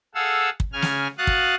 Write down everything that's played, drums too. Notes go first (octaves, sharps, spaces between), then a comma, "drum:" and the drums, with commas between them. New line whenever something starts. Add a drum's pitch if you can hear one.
G#4 A4 F5 F#5 E6
drum: kick
C#3 G#5 F6
drum: snare
F#4 F5 D#6 F#6 A6
drum: kick